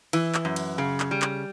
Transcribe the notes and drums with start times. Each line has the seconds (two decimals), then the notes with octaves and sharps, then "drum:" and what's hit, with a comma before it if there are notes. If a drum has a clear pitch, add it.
0.13 E3, drum: cymbal
0.35 drum: clap
0.45 F#2
0.56 drum: cymbal
0.78 C#3
1.00 drum: clap
1.11 G3
1.22 drum: clap